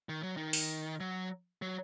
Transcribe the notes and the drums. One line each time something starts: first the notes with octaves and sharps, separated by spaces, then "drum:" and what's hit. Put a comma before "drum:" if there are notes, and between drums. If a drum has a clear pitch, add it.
D#3
F#3
D#3
drum: open hi-hat
F#3
F#3